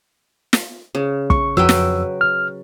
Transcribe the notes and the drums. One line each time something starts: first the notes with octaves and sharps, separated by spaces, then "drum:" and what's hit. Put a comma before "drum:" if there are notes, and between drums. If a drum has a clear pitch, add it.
drum: snare
C#3
C#6, drum: kick
F2 F#3 B4 G5 E6
drum: snare
F6